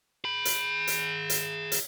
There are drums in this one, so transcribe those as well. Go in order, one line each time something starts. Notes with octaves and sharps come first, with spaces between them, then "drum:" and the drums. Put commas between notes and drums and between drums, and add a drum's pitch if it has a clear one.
G#4 B5
drum: hi-hat
drum: hi-hat
drum: hi-hat
drum: hi-hat